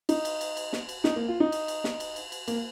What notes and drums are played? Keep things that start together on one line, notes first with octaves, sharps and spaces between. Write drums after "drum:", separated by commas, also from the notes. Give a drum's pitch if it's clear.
D#4, drum: cymbal
drum: cymbal
drum: cymbal
drum: cymbal
drum: snare
drum: cymbal
D#4, drum: snare
A#3
F4
D#4
drum: cymbal
drum: cymbal
drum: snare
drum: cymbal
drum: cymbal
drum: cymbal
A#3, drum: cymbal